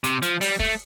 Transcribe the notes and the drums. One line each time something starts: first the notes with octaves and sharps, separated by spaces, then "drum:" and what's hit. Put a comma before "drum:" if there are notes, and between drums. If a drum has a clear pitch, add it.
C3, drum: hi-hat
F3, drum: hi-hat
G3, drum: open hi-hat
A3, drum: kick